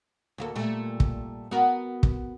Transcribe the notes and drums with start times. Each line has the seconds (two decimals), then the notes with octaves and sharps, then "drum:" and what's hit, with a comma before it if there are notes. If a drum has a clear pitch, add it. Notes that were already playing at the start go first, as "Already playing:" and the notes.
0.38 D2 A#3 A4
0.56 A#2 G3 A3
1.00 drum: kick
1.51 B3 F#4 A#4
2.03 drum: kick